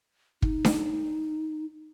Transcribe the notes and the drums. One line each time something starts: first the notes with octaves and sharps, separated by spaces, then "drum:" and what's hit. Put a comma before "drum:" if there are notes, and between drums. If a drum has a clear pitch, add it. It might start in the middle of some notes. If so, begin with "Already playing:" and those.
D#4, drum: kick
drum: snare D4